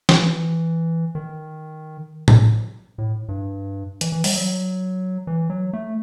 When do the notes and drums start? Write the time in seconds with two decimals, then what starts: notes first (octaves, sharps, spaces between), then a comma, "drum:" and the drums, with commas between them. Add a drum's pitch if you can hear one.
0.09 E3, drum: snare
1.15 D#3
2.28 drum: tom A2
2.98 A2
3.28 G2
4.01 E3, drum: hi-hat
4.12 E3
4.24 G3, drum: open hi-hat
4.35 F#3
5.27 E3
5.50 F#3
5.73 A3